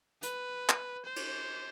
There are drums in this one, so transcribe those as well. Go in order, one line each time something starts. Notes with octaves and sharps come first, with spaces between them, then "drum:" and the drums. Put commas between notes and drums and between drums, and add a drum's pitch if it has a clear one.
B4, drum: hi-hat
drum: clap
C5
drum: cymbal